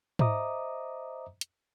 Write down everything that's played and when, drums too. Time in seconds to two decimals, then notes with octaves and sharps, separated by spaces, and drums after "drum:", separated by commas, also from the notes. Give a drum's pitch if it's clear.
0.19 C5 D#5 E5 A#5 D6 D#6, drum: tom G#2
1.41 drum: hi-hat